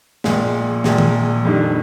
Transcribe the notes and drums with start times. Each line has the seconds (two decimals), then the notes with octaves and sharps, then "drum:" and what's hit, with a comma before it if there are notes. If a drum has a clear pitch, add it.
0.24 A#1 A#2 G#3, drum: snare
0.84 A#1 A#2 G#3, drum: snare
0.98 drum: tom D#3
1.45 F2 D#3 G3 D4